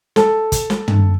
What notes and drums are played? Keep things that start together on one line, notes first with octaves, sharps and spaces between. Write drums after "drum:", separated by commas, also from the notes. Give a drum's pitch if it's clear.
A4, drum: snare
drum: kick, hi-hat
drum: snare
drum: tom